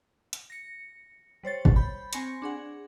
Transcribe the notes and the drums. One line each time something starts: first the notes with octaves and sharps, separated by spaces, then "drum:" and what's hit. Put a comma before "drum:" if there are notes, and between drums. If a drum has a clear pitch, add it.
drum: hi-hat
A#6 C#7
G3 C5 C#5 A6
drum: kick
B5 G6
C4 G#5 C6 C#6 A#6 C#7, drum: hi-hat
D4 G#4 F#5